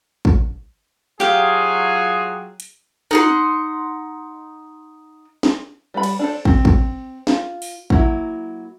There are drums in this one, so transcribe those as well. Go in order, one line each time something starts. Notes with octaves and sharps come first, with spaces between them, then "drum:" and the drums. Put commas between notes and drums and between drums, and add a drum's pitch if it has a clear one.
drum: kick
F#3 F4 G4 G#4 F5
drum: hi-hat
D#4 F#5 C6, drum: tom
drum: snare
G3 B4 B5
drum: cymbal
D4 A4 C5
C4, drum: kick
drum: kick
F4, drum: snare
drum: open hi-hat
F#3 A#3 E4, drum: kick